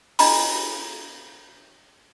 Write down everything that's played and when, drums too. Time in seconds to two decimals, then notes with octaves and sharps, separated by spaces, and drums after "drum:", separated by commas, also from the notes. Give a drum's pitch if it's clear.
0.19 D4 D#5 A#5 B5, drum: open hi-hat